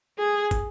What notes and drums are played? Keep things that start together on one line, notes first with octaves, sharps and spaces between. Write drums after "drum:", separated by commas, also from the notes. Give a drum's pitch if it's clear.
G#4
drum: kick, hi-hat